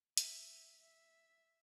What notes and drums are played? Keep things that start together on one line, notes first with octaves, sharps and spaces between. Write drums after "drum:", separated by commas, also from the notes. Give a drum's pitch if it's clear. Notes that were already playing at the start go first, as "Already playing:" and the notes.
E5, drum: hi-hat
E5